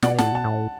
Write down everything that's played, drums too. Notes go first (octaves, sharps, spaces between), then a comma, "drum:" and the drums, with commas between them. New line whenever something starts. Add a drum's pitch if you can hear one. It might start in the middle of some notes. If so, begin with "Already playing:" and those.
B2 D5 F#5, drum: snare
A2 F#5 A5, drum: snare
B2 F#5 A5
A2